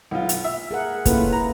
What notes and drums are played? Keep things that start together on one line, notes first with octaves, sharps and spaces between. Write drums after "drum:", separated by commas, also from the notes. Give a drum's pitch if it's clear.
B1 F4
drum: hi-hat
E5
G#4 A#4 F#5
A2 C#3 A3 A#3 F4 B4, drum: kick, hi-hat
A#5